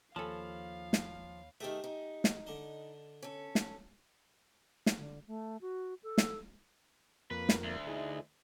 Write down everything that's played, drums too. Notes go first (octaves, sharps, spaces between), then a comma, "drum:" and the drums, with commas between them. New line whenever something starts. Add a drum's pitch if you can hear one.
D#2 F3 A4 C#5 F5 G#5 A5 B5
drum: snare
D#3 A3 G4 G#4 E5
D#4
drum: snare
D3 D4 D#5
C#4 A4
drum: snare
drum: snare
D3
A3
F#4
A4
drum: snare
F2 A#3 B4
drum: snare
D2
D#4 E4 G#4